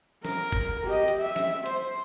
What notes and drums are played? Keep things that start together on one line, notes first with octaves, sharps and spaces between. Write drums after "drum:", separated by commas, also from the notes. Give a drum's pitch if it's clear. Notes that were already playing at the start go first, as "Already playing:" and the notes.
A#4, drum: snare
drum: kick
G4 D#5
drum: hi-hat
E5
drum: snare
C5, drum: hi-hat